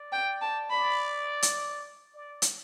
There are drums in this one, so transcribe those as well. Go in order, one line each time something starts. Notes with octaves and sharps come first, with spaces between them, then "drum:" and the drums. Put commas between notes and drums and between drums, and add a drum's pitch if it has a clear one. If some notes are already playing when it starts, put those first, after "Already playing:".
Already playing: D5
G5
A5
D5 B5
drum: hi-hat
D5
drum: hi-hat